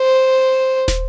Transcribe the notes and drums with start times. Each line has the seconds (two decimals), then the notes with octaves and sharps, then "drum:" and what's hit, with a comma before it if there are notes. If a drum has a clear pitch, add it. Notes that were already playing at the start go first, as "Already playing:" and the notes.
Already playing: C5
0.88 drum: snare